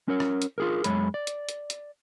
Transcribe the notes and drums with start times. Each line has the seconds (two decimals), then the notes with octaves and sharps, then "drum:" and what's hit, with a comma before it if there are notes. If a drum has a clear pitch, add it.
0.08 C#4 A#4 C#5
0.20 drum: rim click
0.42 drum: hi-hat
0.58 F4 G#4 A#4
0.84 F#2 G#3 C#5 B5, drum: hi-hat
1.14 D5
1.27 drum: hi-hat
1.49 drum: hi-hat
1.70 drum: hi-hat